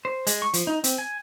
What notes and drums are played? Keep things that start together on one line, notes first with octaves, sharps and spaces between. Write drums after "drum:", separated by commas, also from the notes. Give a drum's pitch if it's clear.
C5
G#3, drum: hi-hat
C#6
F3, drum: hi-hat
D#4
C4, drum: hi-hat
G#5